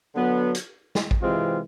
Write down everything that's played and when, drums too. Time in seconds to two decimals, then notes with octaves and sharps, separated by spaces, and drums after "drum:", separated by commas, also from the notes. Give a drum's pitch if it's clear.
0.15 D3 F#3 B3
0.55 drum: hi-hat
0.95 drum: snare
1.11 drum: kick A1
1.22 C3 E3 G#3 C4 F4